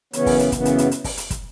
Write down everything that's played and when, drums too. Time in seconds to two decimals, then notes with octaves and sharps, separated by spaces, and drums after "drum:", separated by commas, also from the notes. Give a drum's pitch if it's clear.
0.13 F#2 C#3 E3 B3 C#4, drum: hi-hat
0.26 drum: kick, open hi-hat
0.39 drum: hi-hat
0.52 F#2 C#3 E3 B3, drum: kick, hi-hat
0.65 drum: hi-hat
0.78 drum: hi-hat
0.91 drum: hi-hat
1.04 drum: kick, open hi-hat
1.17 drum: hi-hat
1.30 drum: kick, hi-hat